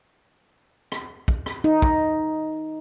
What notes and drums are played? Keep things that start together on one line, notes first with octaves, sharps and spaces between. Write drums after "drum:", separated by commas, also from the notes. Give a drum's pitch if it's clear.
drum: rim click
drum: kick
drum: rim click
D#4
drum: kick